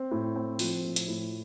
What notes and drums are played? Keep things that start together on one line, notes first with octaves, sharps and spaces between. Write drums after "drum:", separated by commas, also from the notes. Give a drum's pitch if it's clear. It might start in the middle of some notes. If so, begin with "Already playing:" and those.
Already playing: C4
A2
C4
F3, drum: open hi-hat
A2
drum: hi-hat
A2